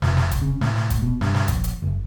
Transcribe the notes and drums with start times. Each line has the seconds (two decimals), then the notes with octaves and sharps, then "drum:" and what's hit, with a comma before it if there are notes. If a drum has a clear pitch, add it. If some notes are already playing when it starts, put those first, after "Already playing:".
0.02 F1, drum: snare
0.17 drum: snare
0.31 drum: kick, hi-hat
0.42 C#3
0.61 A2, drum: snare
0.76 drum: snare
0.90 drum: kick, hi-hat
1.02 B2
1.21 G2, drum: snare
1.34 drum: snare
1.48 A#1, drum: kick, hi-hat
1.64 drum: hi-hat
1.82 F#1